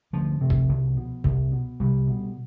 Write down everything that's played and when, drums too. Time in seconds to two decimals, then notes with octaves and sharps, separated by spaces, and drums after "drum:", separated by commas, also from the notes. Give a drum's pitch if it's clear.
0.13 D2 F3
0.41 C3
0.50 drum: kick C2
0.69 C2
0.97 B2
1.24 C2, drum: kick C2
1.52 B2
1.80 C2 G3
2.07 B2